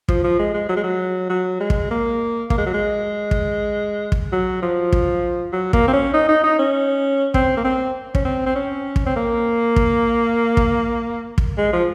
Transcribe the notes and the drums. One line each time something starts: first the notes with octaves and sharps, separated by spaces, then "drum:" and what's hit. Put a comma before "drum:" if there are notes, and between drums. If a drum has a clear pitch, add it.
F3, drum: kick
F3
G#3
G#3
F#3
G#3
F#3
F#3
G#3
drum: kick
A#3
A#3, drum: kick
G#3
F#3
G#3
drum: kick
drum: kick
F#3
F3
drum: kick
F#3
A#3, drum: kick
C4
C#4
D#4
D#4
D#4
C#4
C4, drum: kick
A#3
C4
C#4, drum: kick
C4
C4
C#4
drum: kick
C4
A#3
drum: kick
drum: kick
drum: kick
G#3
F3